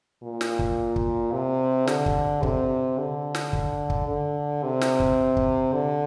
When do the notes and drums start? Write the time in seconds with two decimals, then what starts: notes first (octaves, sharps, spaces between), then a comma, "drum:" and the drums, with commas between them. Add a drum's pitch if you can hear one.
0.23 A#2
0.41 drum: snare
0.59 drum: kick
0.96 drum: kick
1.32 C3
1.87 D3, drum: snare
2.06 drum: kick
2.43 C3, drum: kick
2.98 D3
3.35 drum: snare
3.53 drum: kick
3.90 drum: kick
4.07 D3
4.63 C3
4.81 drum: snare
5.00 drum: kick
5.37 drum: kick
5.73 D3